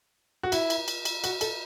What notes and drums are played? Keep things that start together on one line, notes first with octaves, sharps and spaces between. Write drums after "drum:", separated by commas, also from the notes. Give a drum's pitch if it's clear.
F#4
E4, drum: cymbal
drum: cymbal
drum: cymbal
drum: cymbal
F#4, drum: cymbal
A4, drum: cymbal